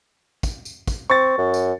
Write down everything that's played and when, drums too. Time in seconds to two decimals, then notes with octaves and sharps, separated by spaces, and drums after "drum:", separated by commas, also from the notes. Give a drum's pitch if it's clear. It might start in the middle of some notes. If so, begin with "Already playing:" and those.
0.43 drum: kick, tambourine
0.65 drum: tambourine
0.87 drum: kick, tambourine
1.10 C4 C#6 A6
1.38 F#2
1.54 drum: tambourine